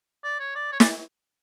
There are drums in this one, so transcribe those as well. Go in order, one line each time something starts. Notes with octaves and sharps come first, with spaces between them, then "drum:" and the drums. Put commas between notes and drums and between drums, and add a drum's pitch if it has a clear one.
D5
C#5
D5
C#5
D5, drum: snare